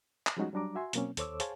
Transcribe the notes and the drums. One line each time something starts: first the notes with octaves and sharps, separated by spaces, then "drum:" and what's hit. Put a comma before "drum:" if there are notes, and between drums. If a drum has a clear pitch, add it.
drum: clap
F3 G3 G#3 C#4 D#4 F#4
F#3 G3 D4 A#5 D6
F#4 E5 G#5 C6
B2 F#3 A#3 C4 C#4, drum: hi-hat
D#2 A4 C5 C#5 D6 E6, drum: hi-hat
G#4 C5 C#5 F5 G#5 A5, drum: hi-hat